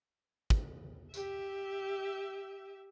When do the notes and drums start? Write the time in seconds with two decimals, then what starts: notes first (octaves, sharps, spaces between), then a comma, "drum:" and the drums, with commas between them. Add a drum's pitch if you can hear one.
0.50 drum: kick
1.14 G4 E5, drum: tambourine